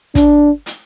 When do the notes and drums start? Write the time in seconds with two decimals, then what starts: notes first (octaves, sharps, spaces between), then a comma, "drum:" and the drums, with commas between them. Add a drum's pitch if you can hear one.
0.15 D4, drum: kick, hi-hat
0.66 drum: hi-hat